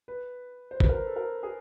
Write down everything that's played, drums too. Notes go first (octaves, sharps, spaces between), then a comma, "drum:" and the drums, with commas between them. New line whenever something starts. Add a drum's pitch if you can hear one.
B4
C5
B4, drum: kick
A#4
A4
A#4
G#4